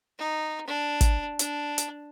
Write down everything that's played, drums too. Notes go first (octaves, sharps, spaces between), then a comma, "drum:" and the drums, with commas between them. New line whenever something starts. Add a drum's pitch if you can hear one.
D#4
D4
drum: kick, hi-hat
D4, drum: hi-hat
drum: hi-hat